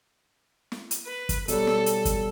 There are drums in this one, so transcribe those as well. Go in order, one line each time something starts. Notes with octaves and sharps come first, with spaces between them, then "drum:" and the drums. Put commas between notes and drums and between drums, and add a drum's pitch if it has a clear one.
drum: snare
drum: hi-hat
B4
drum: kick, hi-hat
B2 F#3 G3 A4, drum: hi-hat
drum: snare
drum: hi-hat
drum: kick, hi-hat